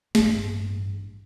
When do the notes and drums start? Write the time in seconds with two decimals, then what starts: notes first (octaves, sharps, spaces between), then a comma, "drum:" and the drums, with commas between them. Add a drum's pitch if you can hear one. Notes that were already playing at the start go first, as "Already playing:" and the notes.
0.15 A1 G2, drum: snare